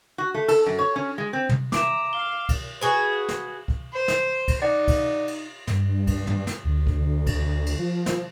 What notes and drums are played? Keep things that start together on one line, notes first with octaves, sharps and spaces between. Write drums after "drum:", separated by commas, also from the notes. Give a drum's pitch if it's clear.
F#4
A3
A4, drum: cymbal
F#2
C#5
C#4
G#3
C4
drum: tom
E5 A#5 D6 D7 E7, drum: snare
F5 G7
drum: kick, cymbal
F#4 G#4 B4
drum: snare
drum: kick
C5
drum: snare
drum: kick, cymbal
D#4 D5 F#5
drum: kick, cymbal
drum: cymbal
G2, drum: snare
drum: kick, cymbal
drum: tom
drum: snare
D2
drum: kick
drum: kick, cymbal
drum: cymbal
F3
drum: snare